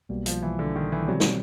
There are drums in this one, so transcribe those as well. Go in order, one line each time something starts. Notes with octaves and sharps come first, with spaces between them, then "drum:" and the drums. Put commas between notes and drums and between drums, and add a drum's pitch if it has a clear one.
B1 B2 G3 A#3
F3, drum: hi-hat
E3
D3
D#3
E3
B2 F#3 G3 C4
drum: snare